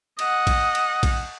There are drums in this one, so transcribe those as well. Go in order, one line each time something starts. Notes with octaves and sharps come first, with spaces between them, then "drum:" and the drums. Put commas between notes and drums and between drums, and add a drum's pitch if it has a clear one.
D#5 F#5, drum: cymbal
drum: kick A#1, cymbal
drum: cymbal
drum: kick A#1, cymbal